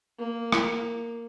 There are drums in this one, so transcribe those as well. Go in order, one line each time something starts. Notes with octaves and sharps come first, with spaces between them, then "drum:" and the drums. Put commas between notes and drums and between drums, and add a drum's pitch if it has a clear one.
A#3
drum: rim click